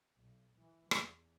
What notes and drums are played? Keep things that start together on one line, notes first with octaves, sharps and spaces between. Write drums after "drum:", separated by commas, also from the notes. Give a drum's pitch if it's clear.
B1
E3
E2, drum: rim click